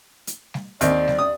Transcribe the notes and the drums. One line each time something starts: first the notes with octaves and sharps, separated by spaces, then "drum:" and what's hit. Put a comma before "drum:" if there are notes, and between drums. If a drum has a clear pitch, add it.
drum: hi-hat
drum: snare
D#2 C4 D5, drum: hi-hat
drum: snare
D#6